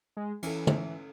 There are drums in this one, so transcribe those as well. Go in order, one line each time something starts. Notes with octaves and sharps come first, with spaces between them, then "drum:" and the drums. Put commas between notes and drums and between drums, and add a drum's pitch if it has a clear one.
G#3
E3 C#4 A4, drum: cymbal
drum: tom